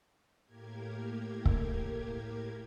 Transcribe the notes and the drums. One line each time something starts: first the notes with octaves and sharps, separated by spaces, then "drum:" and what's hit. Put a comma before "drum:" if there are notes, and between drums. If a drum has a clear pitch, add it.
A2 A#3 G4 A#4 G#6
drum: kick C#1